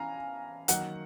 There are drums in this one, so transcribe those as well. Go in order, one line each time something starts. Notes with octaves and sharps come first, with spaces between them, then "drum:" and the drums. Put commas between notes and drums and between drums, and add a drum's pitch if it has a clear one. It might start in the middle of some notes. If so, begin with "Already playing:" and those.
Already playing: E3 F5 G#5 A#5
D#3 F#3 A#3 F#5, drum: hi-hat